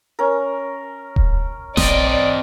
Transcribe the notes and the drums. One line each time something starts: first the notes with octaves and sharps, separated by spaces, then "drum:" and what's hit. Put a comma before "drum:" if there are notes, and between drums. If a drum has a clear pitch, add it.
C#4 A#4
drum: kick D#1
A#1 C4 D5 D#5, drum: snare E1